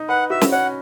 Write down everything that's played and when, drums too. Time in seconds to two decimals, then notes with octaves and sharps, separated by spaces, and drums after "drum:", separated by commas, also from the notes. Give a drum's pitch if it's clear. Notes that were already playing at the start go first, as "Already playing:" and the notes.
Already playing: D#4
0.09 B4 F#5
0.30 F#4 E5
0.41 drum: snare
0.52 C#4 F#5